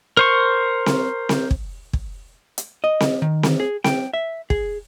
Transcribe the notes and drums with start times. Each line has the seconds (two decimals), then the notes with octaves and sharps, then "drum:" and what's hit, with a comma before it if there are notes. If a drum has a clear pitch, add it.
0.17 A#4 C5 C#6
0.86 drum: snare C4
1.29 drum: snare C4
1.51 drum: kick
1.93 drum: kick
2.58 drum: hi-hat
2.84 D#5
3.00 drum: snare C4
3.22 D#3
3.43 drum: snare C4
3.60 G#4
3.84 G5, drum: snare C4
4.13 E5
4.50 G#4, drum: kick